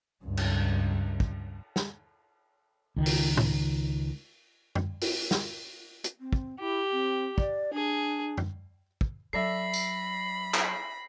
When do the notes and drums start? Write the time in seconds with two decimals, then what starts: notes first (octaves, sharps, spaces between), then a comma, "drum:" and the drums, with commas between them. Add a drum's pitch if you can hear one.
0.25 C#2 G2
0.37 drum: cymbal
1.20 drum: kick
1.76 drum: snare
2.96 C#2 D#3
3.06 drum: open hi-hat
3.37 drum: tom
4.75 drum: tom F#2
5.01 drum: open hi-hat
5.31 drum: snare
6.04 drum: hi-hat
6.20 C4
6.33 drum: kick
6.60 E4 G4
6.92 C4
7.38 D5, drum: kick
7.73 D4 G#4
8.37 drum: tom F#2
9.01 drum: kick
9.33 F#3 A4 D5 E5 B5 A#6 C7
9.73 drum: tambourine
10.54 drum: clap